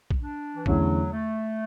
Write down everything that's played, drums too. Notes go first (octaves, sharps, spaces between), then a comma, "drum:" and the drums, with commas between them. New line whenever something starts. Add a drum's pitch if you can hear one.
drum: kick A#1
D4
E3
E2 D3 F#3 A3 C#4 E4, drum: kick A#1
A3